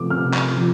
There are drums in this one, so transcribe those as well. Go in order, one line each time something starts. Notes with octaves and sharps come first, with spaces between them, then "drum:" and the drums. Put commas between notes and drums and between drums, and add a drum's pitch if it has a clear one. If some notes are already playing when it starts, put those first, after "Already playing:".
Already playing: C3 F3 A3 D6
C3 F6
drum: clap
F3